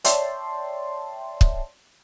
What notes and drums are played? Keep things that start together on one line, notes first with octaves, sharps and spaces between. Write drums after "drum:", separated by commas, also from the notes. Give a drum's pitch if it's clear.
C#5 D5 E5 G5 A5 C6, drum: hi-hat
drum: kick